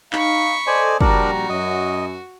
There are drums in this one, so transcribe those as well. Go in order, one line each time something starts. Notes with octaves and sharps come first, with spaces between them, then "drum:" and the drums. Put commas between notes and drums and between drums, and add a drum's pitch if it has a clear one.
D#4 F5 B5 C#6, drum: clap
A4 C5 D5 D#5 G#5
A#1 G3 D4 F#4 A#4 D5 A#5, drum: kick
F#2 D#5